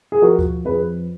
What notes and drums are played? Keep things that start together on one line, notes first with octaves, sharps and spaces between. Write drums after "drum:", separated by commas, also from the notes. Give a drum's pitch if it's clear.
G#4
F3 F#4 A#4
drum: kick D2
F2 G#4 B4